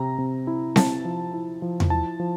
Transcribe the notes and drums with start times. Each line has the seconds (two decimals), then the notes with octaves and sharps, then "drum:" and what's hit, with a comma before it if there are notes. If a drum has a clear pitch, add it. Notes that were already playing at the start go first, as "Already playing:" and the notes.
Already playing: C3 C4 A#5
0.18 C3
0.47 E4
0.76 E4 A5, drum: snare C4
1.05 F3
1.33 E4
1.62 F3
1.80 drum: tom E2
1.90 E4 A5
2.20 F3